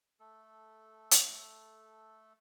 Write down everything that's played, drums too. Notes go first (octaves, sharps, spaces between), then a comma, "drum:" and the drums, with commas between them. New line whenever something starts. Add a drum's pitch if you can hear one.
A3 A4
drum: hi-hat